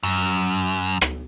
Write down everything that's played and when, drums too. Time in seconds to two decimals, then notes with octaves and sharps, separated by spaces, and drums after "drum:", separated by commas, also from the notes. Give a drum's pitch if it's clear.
0.03 F#2
1.01 drum: rim click